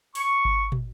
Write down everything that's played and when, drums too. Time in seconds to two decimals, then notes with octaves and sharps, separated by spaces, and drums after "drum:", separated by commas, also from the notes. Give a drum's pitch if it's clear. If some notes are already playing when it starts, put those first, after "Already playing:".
0.15 C#6, drum: open hi-hat
0.45 drum: kick G#1
0.72 drum: tom